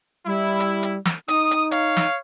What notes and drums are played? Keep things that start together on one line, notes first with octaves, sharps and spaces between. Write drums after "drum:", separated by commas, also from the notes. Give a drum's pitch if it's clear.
G3 E4
drum: hi-hat
drum: hi-hat
drum: snare
D#4 D#6, drum: hi-hat
drum: hi-hat
C#5 F5, drum: hi-hat
drum: snare